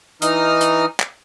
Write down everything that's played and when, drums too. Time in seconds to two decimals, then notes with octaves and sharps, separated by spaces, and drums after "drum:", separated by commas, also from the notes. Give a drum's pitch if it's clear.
0.22 E3 D#4 D#6 F6, drum: hi-hat
0.61 drum: hi-hat
1.00 drum: clap